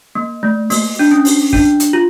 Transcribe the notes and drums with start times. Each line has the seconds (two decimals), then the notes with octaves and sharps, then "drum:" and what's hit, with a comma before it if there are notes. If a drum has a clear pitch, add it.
0.15 A#3
0.43 A3
0.70 A#3, drum: open hi-hat
0.99 D4
1.11 C#4
1.25 drum: open hi-hat
1.53 D4, drum: kick
1.80 drum: hi-hat
1.93 F4